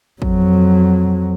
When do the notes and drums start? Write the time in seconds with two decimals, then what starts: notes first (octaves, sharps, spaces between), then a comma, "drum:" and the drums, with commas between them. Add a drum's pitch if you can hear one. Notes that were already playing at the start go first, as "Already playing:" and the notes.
0.22 F2 F#3, drum: kick